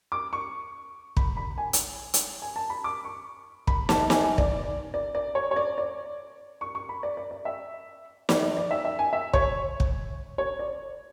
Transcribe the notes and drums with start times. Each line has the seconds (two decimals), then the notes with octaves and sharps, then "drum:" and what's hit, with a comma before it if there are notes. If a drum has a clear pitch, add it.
0.12 D6
0.33 C#6
1.17 B5, drum: kick
1.37 B5
1.58 G#5
1.73 drum: hi-hat
2.14 drum: hi-hat
2.42 G#5
2.56 A5
2.70 B5
2.84 D6
3.05 C#6
3.67 B5, drum: kick
3.89 A5, drum: snare
4.10 G#5, drum: snare
4.24 G#5
4.38 D5, drum: kick
4.94 D5
5.15 D5
5.35 C#5
5.51 C#5
5.56 D5
5.78 D5
6.61 C#6
6.75 C#6
6.89 B5
7.03 D5
7.17 D5
7.31 D5
7.45 E5
8.29 D5, drum: snare
8.43 D5
8.57 D5
8.71 E5
8.85 E5
8.99 G#5
9.13 E5
9.33 C#5, drum: kick
9.80 drum: kick
10.38 C#5
10.59 D5